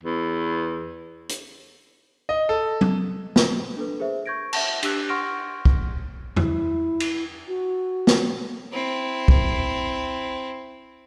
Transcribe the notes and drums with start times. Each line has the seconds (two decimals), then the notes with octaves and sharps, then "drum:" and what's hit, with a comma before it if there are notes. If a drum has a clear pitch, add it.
0.03 E2
1.29 drum: hi-hat
2.29 D#5
2.49 A4
2.81 drum: tom F#3
3.36 drum: snare
3.76 D4 A4 B4
4.00 G#4 A#4 C5 E5
4.26 C#6 G6 G#6 A#6 D7
4.53 E5 F#5 A5, drum: cymbal
4.83 D4 G4 D6 E6 F#6, drum: cymbal
5.09 F#5 C6 C#6 F6 A#6 D7
5.65 drum: kick
6.36 E4, drum: tom E2
7.00 drum: cymbal
7.48 F#4
8.07 drum: snare
8.73 C4 E4
9.28 drum: kick